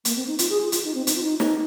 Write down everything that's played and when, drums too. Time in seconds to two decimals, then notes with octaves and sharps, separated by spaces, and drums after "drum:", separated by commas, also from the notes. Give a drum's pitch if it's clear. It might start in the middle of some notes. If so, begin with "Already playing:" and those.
0.05 A#3, drum: hi-hat
0.16 C4
0.27 D#4
0.39 F4, drum: hi-hat
0.50 G#4
0.61 F4
0.72 F4, drum: hi-hat
0.85 D#4
0.95 C4
1.07 D#4, drum: hi-hat
1.16 F4
1.23 D#4
1.40 D#4, drum: snare